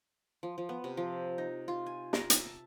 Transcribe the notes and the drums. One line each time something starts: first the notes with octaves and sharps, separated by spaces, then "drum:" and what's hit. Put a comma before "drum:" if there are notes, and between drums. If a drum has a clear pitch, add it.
F3
F3
B3
C3
F3
D#4
F4
G#5
A#4, drum: snare
E5, drum: hi-hat
A5